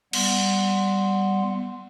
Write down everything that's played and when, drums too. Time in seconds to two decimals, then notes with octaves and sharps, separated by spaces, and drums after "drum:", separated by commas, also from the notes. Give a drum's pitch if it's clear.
0.13 G3 B3 F#5 C6, drum: cymbal